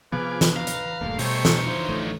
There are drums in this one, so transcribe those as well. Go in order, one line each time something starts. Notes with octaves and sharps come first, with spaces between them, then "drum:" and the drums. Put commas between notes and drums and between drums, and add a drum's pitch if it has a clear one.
C3 F3 B3 F4 G#4 B4 D6
drum: snare
B4 F5 A#5
drum: hi-hat
D#1 G2 D3 A3 A#3
B2 G3 A3 D#4 G4 C5 C#5 C#6, drum: open hi-hat
drum: snare
D3 E3 F3 C5
A1 A3